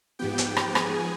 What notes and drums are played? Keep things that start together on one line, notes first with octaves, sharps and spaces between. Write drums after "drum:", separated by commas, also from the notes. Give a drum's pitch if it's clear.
G#2 F3 B3 G4 G5
drum: hi-hat
drum: rim click
G#4 G#5, drum: rim click